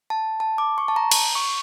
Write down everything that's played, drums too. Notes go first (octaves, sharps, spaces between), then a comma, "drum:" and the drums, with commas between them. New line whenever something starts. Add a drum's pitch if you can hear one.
A5
A5
D6
C#6
A5
A#5
drum: cymbal
C#6